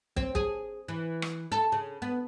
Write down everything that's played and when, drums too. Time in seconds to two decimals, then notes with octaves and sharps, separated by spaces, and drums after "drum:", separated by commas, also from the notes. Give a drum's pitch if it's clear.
0.17 C4, drum: kick
0.35 G#4, drum: kick
0.88 E3
1.22 drum: rim click
1.52 A4
1.72 C#3
2.02 B3